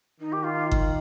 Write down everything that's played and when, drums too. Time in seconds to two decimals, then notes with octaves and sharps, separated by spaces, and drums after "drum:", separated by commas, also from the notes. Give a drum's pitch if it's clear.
0.20 D#3 D#4
0.32 G4
0.43 F4
0.71 drum: kick G1